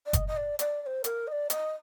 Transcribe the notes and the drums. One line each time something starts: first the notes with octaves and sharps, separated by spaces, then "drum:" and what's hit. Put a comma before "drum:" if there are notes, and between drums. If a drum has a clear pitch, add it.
D5
D#5, drum: kick F#1, hi-hat
D#5
D5
D5, drum: hi-hat
D5
C5
A#4, drum: hi-hat
D#5
D5
D#5, drum: hi-hat